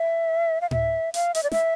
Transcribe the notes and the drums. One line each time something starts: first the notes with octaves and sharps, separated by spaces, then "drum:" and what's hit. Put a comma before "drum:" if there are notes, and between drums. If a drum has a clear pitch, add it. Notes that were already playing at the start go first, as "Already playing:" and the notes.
Already playing: E5
F5
E5, drum: tom A2
F5, drum: hi-hat
E5, drum: hi-hat
D5
E5, drum: snare